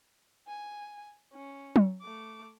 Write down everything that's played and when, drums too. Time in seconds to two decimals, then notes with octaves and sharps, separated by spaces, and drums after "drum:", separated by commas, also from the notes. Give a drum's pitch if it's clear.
0.48 G#5
1.34 C#4
1.76 drum: tom F#3
2.02 A3 D6